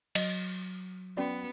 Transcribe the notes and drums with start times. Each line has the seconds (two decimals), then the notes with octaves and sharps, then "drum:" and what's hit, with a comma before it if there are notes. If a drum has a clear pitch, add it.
0.15 F#3 D#5, drum: cymbal
1.17 B3 C#4 F#4 D5